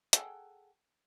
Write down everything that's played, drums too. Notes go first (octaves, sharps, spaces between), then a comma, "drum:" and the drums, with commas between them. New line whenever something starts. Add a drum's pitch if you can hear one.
G#4 A4 F#5 G5, drum: hi-hat